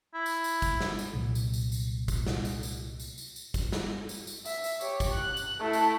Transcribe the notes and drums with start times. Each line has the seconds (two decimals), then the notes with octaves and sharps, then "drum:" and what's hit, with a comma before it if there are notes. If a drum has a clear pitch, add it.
0.14 E4
0.26 drum: tambourine
0.44 drum: tambourine
0.62 drum: kick, tambourine
0.81 drum: snare
0.99 drum: tambourine
1.14 C2 A#2 F#3
1.35 drum: tambourine
1.54 drum: tambourine
1.72 drum: tambourine
2.08 drum: kick, tambourine
2.27 drum: snare
2.45 drum: tambourine
2.63 drum: tambourine
3.00 drum: tambourine
3.18 drum: tambourine
3.36 drum: tambourine
3.54 drum: kick, tambourine
3.73 drum: snare
4.09 drum: tambourine
4.27 drum: tambourine
4.45 E5, drum: tambourine
4.64 drum: tambourine
4.81 G4 C#5, drum: tambourine
5.00 drum: kick, tambourine
5.13 F#6
5.37 drum: tambourine
5.61 A3 E4
5.73 drum: tambourine